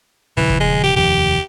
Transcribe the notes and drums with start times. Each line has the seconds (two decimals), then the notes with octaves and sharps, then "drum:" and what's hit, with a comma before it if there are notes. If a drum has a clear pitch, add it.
0.37 D#1 C#3 E3 F3
0.50 drum: kick
0.60 G#3
0.84 G4
0.96 F1 D#2 F3 G4